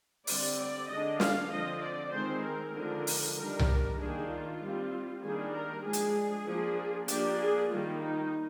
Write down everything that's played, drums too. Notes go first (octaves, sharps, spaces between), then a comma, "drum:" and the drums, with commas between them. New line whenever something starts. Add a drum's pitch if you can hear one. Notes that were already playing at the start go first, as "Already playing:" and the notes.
D3 G3 C4 D5, drum: open hi-hat
D5
D3 G#3 D4 D#5
F5, drum: snare
D3 F3 C4 D#5
D5
D#3 G#3 C4 C5
A#4
D3 F3 G#3 D4
drum: open hi-hat
D#3 G3 D4 A#4
drum: tom C2
D#3 A#3 D4 G#4
F4
G3 C4
D#3 G3 A#3 D4 G#4
A#4
F3 G#3 D4 G#4
drum: hi-hat
F3 A#3 D4
F3 A#3 D4 G4, drum: hi-hat
G#4
D#3 G3 A#3 F4
D#4